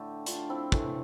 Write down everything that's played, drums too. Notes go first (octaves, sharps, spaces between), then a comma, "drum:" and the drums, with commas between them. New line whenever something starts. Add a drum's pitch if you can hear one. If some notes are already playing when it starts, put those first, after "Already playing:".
Already playing: A2 D3 A3 E4 G4
D4 F4, drum: hi-hat
C4 E4
A2 E3 A3, drum: kick